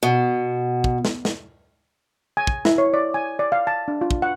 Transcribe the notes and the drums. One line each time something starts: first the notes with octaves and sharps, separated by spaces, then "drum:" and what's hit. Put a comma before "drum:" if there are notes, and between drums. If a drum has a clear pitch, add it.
B2
drum: kick
drum: snare
drum: snare
G#5
drum: kick
E4, drum: snare
C#5
D5
G#5
D5
F5
A5
D4
F4
drum: kick
F#5